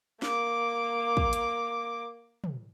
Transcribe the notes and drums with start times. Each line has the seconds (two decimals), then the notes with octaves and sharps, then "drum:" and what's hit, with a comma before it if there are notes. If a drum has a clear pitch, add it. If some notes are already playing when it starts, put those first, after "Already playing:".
0.22 A#3 D6, drum: snare
1.17 drum: kick
1.33 drum: hi-hat
2.44 drum: tom